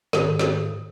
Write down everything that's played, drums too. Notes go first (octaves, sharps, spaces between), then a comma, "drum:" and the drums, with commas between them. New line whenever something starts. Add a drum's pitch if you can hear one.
G#2 D#3 A4 D#6, drum: snare
drum: snare